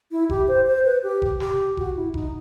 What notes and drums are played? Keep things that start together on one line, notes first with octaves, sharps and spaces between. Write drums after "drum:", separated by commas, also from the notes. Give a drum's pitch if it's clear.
E4
G4, drum: kick F1
C5
C5
B4
G4
drum: kick F1
G4, drum: snare
F#4, drum: kick F1
E4
D#4, drum: kick F1